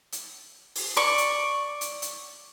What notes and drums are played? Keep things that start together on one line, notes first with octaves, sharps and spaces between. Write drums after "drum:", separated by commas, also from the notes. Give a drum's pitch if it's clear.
drum: hi-hat
drum: open hi-hat
D5 C#6
drum: hi-hat
drum: hi-hat
drum: hi-hat